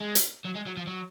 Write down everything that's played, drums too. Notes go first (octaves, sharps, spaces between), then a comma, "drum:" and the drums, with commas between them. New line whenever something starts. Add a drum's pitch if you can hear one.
G#3
drum: hi-hat
F#3
G#3
F#3
F3
F#3